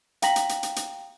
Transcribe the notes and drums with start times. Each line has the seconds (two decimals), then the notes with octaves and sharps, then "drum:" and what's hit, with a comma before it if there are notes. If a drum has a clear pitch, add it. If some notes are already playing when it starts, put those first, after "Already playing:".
0.22 F5 G5 A#5 A#6 B6 F#7, drum: hi-hat
0.36 drum: hi-hat
0.49 drum: hi-hat
0.63 drum: hi-hat
0.76 drum: hi-hat